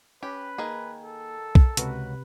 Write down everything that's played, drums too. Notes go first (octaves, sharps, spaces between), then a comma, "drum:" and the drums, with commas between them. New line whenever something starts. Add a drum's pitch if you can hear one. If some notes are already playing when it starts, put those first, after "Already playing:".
C#4 G4 B4
D#3 A#3 G#4
A4
drum: kick B1
C#2 C3 F#4 A#4 B4, drum: hi-hat